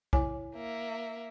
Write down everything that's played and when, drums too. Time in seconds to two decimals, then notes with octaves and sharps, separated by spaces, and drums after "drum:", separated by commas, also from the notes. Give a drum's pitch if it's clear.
0.13 E4 C#5 G#5, drum: kick
0.55 A#3 E5